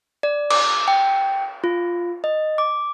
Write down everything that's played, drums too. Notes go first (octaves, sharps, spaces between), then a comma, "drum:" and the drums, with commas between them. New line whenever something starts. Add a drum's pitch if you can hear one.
D5
D6, drum: cymbal
G5
F4
D#5
D6